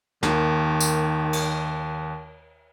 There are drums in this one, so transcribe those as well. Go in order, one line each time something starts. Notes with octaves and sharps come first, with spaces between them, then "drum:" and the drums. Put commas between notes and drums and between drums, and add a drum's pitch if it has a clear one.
D#2 D#3, drum: snare
drum: tambourine
drum: cymbal